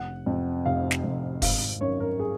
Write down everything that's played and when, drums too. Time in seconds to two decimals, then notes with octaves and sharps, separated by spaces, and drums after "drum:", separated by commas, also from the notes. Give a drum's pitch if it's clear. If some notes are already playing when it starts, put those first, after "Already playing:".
Already playing: F1 F#5
0.26 F2 C3
0.66 F1 F5
0.91 drum: snare
1.04 F2 C3
1.42 G#1 F5, drum: kick, open hi-hat
1.81 F#2 D#3 C#5
2.00 A#4
2.19 G#4